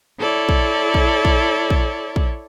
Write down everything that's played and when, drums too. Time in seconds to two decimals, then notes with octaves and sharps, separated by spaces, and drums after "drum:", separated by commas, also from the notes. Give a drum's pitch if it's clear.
0.18 E4 A4 C#5 D5
0.49 drum: kick
0.94 drum: kick
1.25 drum: kick
1.70 drum: kick
2.16 drum: kick